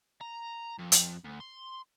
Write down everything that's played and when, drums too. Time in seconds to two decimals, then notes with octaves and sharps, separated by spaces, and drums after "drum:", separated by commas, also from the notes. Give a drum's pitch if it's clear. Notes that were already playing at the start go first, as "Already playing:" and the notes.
0.21 A#5
0.79 F2
0.92 drum: hi-hat
1.25 D2
1.40 C6